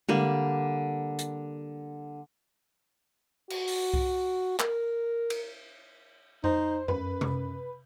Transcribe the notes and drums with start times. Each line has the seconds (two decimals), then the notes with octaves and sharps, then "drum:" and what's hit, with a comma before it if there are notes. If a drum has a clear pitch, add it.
0.09 D3 G3 A#3, drum: tom G#3
1.19 drum: hi-hat
3.50 F#4, drum: cymbal
3.68 drum: open hi-hat
3.94 drum: kick C2
4.59 A#4, drum: clap
5.30 drum: cymbal
6.44 D#4 C5, drum: tom F2
6.88 F#2 B4, drum: tom F2
7.21 drum: tom C3